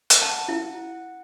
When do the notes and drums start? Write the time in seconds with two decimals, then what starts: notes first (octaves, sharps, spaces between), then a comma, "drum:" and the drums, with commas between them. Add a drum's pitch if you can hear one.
0.10 drum: hi-hat
0.22 F#5 A5
0.48 E4